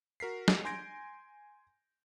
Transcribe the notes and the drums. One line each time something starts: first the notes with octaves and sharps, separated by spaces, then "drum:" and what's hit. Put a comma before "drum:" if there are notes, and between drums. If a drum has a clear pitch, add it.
F#4 A#4 B6 C7
drum: snare
G#5 C6 G6 G#6 A#6 D7